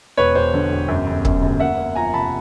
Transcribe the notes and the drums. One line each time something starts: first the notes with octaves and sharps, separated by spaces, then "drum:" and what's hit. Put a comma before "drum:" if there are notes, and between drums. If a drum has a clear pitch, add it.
E1 B4 C#5
E1 C5
D3
E1
F#2
G1
F#2, drum: kick
G1
A#3 E5 F#5
A#3
F3 G#5 A#5
C3 A5 B5